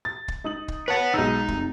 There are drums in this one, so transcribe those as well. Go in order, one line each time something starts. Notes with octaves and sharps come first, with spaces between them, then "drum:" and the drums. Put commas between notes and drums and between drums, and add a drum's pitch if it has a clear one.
A6
drum: kick
D#4 D#6 F#7
drum: kick
B4 C#5 F#5 A5 A6
B1 G#3 D#4 E6
F1, drum: kick